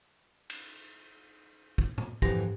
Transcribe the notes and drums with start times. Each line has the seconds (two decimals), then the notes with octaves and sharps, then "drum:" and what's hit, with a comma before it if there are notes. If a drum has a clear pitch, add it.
0.50 drum: cymbal
1.78 drum: kick
1.98 drum: tom A2
2.22 F2 G#2 D3 E3 G4 A#6, drum: kick